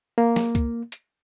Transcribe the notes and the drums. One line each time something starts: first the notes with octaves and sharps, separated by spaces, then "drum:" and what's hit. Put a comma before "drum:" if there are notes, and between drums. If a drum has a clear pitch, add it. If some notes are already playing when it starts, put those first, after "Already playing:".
A#3
drum: snare
drum: kick C#2, hi-hat
drum: hi-hat